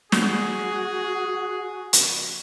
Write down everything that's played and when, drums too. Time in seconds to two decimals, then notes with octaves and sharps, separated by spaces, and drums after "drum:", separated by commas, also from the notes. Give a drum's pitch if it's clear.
0.12 F#4 G#4, drum: snare
1.93 drum: hi-hat